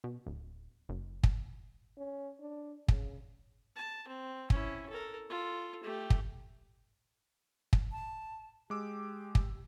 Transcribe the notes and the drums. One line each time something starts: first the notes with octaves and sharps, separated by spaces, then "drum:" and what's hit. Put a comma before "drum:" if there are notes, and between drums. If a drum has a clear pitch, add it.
B2
D1
F#1
drum: kick
C#4
D4
C#3, drum: kick
A5
C4
C#4 E4, drum: kick
A4 A#4
F4 A4
A3 G4
drum: kick
drum: kick
A5
G#3 G4 D6 E6
drum: kick